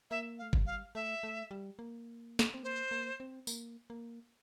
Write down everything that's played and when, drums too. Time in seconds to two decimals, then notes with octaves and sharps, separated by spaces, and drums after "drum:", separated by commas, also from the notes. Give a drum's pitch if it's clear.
0.11 A#3 E5
0.38 F5
0.42 A3
0.53 G3, drum: kick G1
0.66 F5
0.95 A3 E5
1.23 A3
1.51 G3
1.79 A#3
2.39 drum: snare
2.54 C4
2.63 A#3 C5
2.91 A#3
3.20 C4
3.47 A#3, drum: tambourine
3.90 A#3